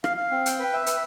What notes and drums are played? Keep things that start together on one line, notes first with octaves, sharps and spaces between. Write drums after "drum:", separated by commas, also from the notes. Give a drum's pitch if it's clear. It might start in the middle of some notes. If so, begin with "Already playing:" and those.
F5, drum: rim click
F5
C4
G5, drum: hi-hat
B4
E5
B4, drum: hi-hat